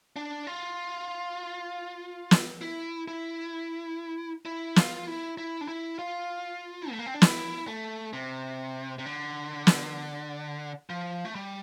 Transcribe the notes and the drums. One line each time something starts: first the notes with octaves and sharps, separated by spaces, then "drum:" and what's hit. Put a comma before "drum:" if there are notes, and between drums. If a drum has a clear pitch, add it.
D4
F4
drum: snare
E4
E4
E4
F4, drum: snare
E4
E4
D4
E4
F4
A3
A#3
C4
D4
E4, drum: snare
A3
C3
C3
D3
drum: snare
F3
A3
G3